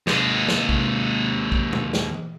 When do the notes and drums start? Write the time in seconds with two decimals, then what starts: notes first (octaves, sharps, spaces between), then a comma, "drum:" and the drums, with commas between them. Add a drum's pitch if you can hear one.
0.07 D#2 G#3, drum: snare
0.48 drum: snare
0.69 drum: kick
1.52 drum: kick
1.73 drum: tom
1.93 drum: snare
2.14 drum: tom E3